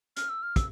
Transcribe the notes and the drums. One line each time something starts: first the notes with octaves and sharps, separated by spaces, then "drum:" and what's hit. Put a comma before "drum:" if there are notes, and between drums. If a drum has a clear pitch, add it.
F6, drum: hi-hat
E6
F6
E6, drum: kick, hi-hat